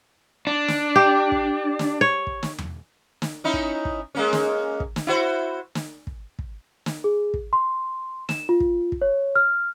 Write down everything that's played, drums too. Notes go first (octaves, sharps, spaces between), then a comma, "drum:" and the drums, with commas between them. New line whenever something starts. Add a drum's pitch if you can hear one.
D4
drum: snare
G4
drum: kick
drum: snare
C#5
drum: kick
drum: snare
drum: tom E2
drum: snare
C#4 D#4 E4
drum: kick
drum: kick
G#3 A#3 C#4
drum: snare
drum: kick
drum: snare
E4 F#4 C5
drum: snare
drum: kick
drum: kick
drum: snare
G#4
drum: kick
C6
E7, drum: snare
F4
drum: kick
drum: kick
C#5
F6